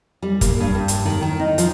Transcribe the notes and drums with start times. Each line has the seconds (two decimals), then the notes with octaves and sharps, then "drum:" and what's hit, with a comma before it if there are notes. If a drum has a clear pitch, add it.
0.22 G3
0.41 A#3, drum: kick, hi-hat
0.60 G2
0.75 G2
0.88 drum: hi-hat
1.05 D#3
1.22 D#3
1.40 D#4
1.58 F3, drum: hi-hat